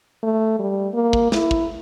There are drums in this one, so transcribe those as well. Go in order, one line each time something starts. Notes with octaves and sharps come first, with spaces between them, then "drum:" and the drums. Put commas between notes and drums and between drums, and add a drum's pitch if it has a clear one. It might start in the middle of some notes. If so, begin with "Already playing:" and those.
A3
G3
A#3
drum: kick
E4, drum: snare
drum: kick